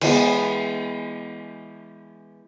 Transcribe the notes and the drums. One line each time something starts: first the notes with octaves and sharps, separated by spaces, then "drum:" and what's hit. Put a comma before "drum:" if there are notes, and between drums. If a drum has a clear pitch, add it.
E3 G#3 B3 G#5, drum: cymbal